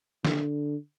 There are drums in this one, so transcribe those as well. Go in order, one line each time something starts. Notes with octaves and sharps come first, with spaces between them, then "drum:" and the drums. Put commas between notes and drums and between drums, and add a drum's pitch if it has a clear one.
D3, drum: snare